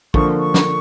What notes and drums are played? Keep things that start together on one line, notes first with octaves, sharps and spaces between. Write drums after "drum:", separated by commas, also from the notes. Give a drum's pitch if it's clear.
D3 F3 A#3 C#6, drum: kick
C#6
drum: snare